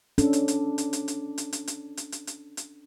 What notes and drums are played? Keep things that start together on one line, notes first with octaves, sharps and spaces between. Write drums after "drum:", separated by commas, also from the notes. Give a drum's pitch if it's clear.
C#4 D4 A4, drum: hi-hat
drum: hi-hat
drum: hi-hat
drum: hi-hat
drum: hi-hat
drum: hi-hat
drum: hi-hat
drum: hi-hat
drum: hi-hat
drum: hi-hat
drum: hi-hat
drum: hi-hat
drum: hi-hat